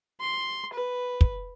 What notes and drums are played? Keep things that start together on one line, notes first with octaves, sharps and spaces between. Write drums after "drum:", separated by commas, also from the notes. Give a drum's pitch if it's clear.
C6
B4
drum: kick